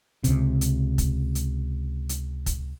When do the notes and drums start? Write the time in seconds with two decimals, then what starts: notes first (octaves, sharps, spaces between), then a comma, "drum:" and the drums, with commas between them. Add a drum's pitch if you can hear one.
0.24 C#2 C3, drum: hi-hat
0.61 drum: hi-hat
0.98 drum: kick, hi-hat
1.35 drum: hi-hat
2.09 drum: hi-hat
2.46 drum: kick, hi-hat